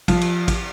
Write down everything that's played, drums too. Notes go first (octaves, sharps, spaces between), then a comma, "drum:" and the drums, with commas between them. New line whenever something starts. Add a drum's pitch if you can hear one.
F3, drum: kick A1, cymbal
drum: cymbal
drum: kick A1, cymbal